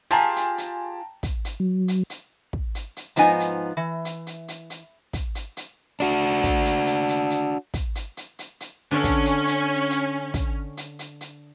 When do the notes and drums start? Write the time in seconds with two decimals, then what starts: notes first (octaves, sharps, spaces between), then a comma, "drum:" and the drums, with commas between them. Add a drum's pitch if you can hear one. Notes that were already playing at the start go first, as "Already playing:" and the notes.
0.11 F4 G4 G#4 G5 A5 A#5
0.36 drum: hi-hat
0.58 drum: hi-hat
1.23 drum: kick, hi-hat
1.45 drum: hi-hat
1.60 F#3
1.88 drum: hi-hat
2.10 drum: hi-hat
2.53 drum: kick
2.75 drum: hi-hat
2.96 drum: hi-hat
3.16 G#2 F3 B3 D#4 G#5, drum: hi-hat
3.40 drum: hi-hat
3.77 E3
4.05 drum: hi-hat
4.27 drum: hi-hat
4.48 drum: hi-hat
4.70 drum: hi-hat
5.13 drum: kick, hi-hat
5.35 drum: hi-hat
5.57 drum: hi-hat
6.00 D4 F#4, drum: hi-hat
6.44 drum: kick, hi-hat
6.65 drum: hi-hat
6.87 drum: hi-hat
7.09 drum: hi-hat
7.30 drum: hi-hat
7.74 drum: kick, hi-hat
7.95 drum: hi-hat
8.17 drum: hi-hat
8.39 drum: hi-hat
8.60 drum: hi-hat
8.91 D3 C#4
9.04 drum: kick, hi-hat
9.25 drum: hi-hat
9.47 drum: hi-hat
9.91 drum: hi-hat
10.34 drum: kick, hi-hat
10.77 drum: hi-hat
10.99 drum: hi-hat
11.21 drum: hi-hat